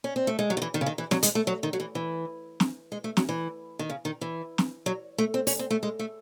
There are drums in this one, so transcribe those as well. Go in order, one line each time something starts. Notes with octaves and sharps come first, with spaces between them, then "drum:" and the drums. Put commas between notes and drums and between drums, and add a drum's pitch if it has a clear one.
C#4
C4
A3
G#3
F#3
D#3
E3
D#3
C#3
D#3
E3
F#3, drum: snare
G#3, drum: hi-hat
A3
F#3
D#3
F#3
E3
E3
drum: snare
G#3
A3
F#3, drum: snare
E3
D#3
C#3
D#3
E3
drum: snare
F#3
A3
C4
C#4, drum: open hi-hat
C4
A3
G#3
A3